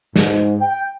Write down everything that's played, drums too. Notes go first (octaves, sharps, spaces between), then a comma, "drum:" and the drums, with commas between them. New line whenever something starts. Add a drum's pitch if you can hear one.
G#2, drum: snare
G5